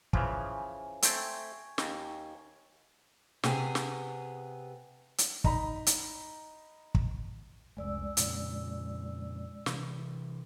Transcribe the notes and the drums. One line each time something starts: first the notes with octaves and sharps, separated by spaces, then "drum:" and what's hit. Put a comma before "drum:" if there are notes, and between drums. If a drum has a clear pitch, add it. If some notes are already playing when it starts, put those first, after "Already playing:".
C#3 E3 F3 G#5, drum: kick
A3 C4 G5 C#6 G#6, drum: hi-hat
D#2, drum: snare
C3 B3 G#4, drum: snare
drum: snare
drum: hi-hat
D#4 A#5 B5, drum: kick
drum: hi-hat
drum: kick
F1 C2 G#3 D5 E6
F2 A#2 C#3, drum: hi-hat
C3 E3, drum: snare